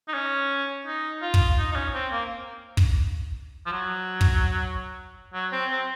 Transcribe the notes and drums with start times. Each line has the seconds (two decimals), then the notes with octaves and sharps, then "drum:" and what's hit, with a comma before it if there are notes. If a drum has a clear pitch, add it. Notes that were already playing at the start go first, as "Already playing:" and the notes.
0.08 D#4
0.14 C#4
0.86 D#4
1.22 F4
1.34 drum: kick
1.58 D#4
1.72 D#4
1.76 C#4
1.94 C4
2.11 A#3
2.77 drum: kick
3.66 F3
3.72 F#3
4.21 drum: kick
5.34 F#3
5.52 C4
5.71 C4